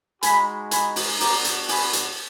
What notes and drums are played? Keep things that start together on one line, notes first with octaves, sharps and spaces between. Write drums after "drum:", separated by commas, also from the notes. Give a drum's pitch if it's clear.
G#3 D#4 F#4 G#5 B5, drum: hi-hat
G#5 B5, drum: hi-hat
drum: open hi-hat
B3 D4 F#4 A#5 D6, drum: open hi-hat
drum: hi-hat
G#5 B5, drum: open hi-hat
drum: hi-hat